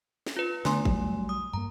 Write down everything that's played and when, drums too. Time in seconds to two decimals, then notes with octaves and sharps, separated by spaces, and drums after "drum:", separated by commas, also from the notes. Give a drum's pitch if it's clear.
0.27 drum: snare
0.36 F4 B4
0.65 D3 A3 B3 G#5 C6, drum: snare
0.85 F#3 G3, drum: kick
1.29 D#6
1.53 G2 A#3 A#5